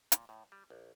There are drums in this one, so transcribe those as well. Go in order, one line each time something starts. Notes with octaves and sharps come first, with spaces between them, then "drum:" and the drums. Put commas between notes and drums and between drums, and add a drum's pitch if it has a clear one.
A#2, drum: hi-hat
A2
G3
A#1